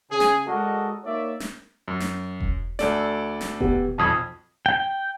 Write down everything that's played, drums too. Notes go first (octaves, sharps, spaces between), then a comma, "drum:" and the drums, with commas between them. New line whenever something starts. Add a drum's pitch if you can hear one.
C#3 G#4
drum: snare
G#3 F#4 A4 A#4 D5 D#5
A#3 D#4 C#5 D5 E5
drum: snare
F#2
drum: snare
drum: kick E1
D2 A4 D5, drum: snare
drum: snare
B3 G4, drum: kick E1
B1 F2 A5 D#6 G#6
G5